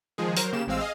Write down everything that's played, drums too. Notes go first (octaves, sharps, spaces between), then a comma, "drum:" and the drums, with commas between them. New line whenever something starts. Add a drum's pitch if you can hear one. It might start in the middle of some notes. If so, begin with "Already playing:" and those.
D#3 F3 G#3 G#4
F#3 A#4 C5, drum: hi-hat
C#3 A#3 G4 E7
A1 G#3 C4 F5 E6
G#4 D#5 F5